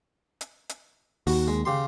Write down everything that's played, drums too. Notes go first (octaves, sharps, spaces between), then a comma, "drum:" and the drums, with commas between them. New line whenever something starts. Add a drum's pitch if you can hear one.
drum: hi-hat
drum: hi-hat
D#2 F#4, drum: open hi-hat
G#3
C#3 G4 C6